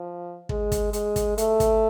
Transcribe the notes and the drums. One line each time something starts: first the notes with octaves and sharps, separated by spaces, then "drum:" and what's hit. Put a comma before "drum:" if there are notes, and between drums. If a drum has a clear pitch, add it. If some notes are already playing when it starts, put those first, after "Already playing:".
Already playing: F3
G#3, drum: kick
drum: kick, hi-hat
G#3, drum: hi-hat
drum: kick, hi-hat
A3, drum: hi-hat
drum: kick, hi-hat